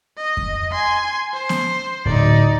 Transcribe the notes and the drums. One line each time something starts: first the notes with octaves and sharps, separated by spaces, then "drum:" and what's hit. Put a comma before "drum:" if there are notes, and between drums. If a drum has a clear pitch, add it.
D#5
drum: kick F2
G#5 C6
C5
drum: snare B3
D1 D#4 D5